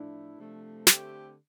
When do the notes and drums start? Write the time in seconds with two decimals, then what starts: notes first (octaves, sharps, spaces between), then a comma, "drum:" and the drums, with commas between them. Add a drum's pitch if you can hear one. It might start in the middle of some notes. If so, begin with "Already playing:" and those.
Already playing: A2 F3 A3 D4 E4
0.37 C3 F3 A3
0.87 D3 A3 C4 G4, drum: snare